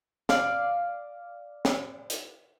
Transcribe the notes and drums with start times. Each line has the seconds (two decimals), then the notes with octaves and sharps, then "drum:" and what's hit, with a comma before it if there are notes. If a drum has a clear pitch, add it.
0.29 D5 F5, drum: snare
1.65 drum: snare
2.10 drum: hi-hat